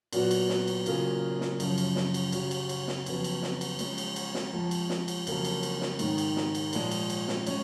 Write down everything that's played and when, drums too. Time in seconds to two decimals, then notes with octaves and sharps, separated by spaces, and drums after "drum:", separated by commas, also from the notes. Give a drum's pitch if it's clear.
0.13 A#2 F#3 B3 F#4, drum: cymbal
0.31 drum: cymbal
0.49 drum: snare
0.68 drum: cymbal
0.86 C#3 F#3 A#3 F4 G#4, drum: cymbal
1.41 drum: snare
1.60 F#2 C#3 F3, drum: cymbal
1.78 drum: cymbal
1.96 drum: snare
2.14 drum: cymbal
2.32 C#3 F#3 C#4, drum: cymbal
2.51 drum: cymbal
2.69 drum: cymbal
2.88 drum: snare
3.06 F2 C#3 F#3 B3, drum: cymbal
3.24 drum: cymbal
3.43 drum: snare
3.61 drum: cymbal
3.79 F3 G#3 C#4, drum: cymbal
3.98 drum: cymbal
4.16 drum: cymbal
4.34 drum: snare
4.53 F2 F3 G#3
4.71 drum: cymbal
4.90 drum: snare
5.08 drum: cymbal
5.27 F2 C#3 F#3 A#3, drum: cymbal
5.45 drum: cymbal
5.63 drum: cymbal
5.81 drum: snare
5.99 G#2 D#3 G#3, drum: cymbal
6.18 drum: cymbal
6.36 drum: snare
6.55 drum: cymbal
6.73 A#2 F3 G#3, drum: cymbal
6.91 drum: cymbal
7.10 drum: cymbal
7.28 drum: snare
7.47 G#3 C#4, drum: cymbal